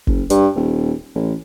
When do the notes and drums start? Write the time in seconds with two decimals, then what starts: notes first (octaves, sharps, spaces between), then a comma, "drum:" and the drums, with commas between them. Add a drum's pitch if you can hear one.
0.07 F#1, drum: kick G1
0.30 G2, drum: hi-hat
0.56 D#1
1.15 A1